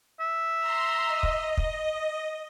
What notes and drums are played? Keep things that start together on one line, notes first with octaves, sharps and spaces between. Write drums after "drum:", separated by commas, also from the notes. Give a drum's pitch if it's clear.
E5
A#5 C6
D#5
drum: kick
drum: kick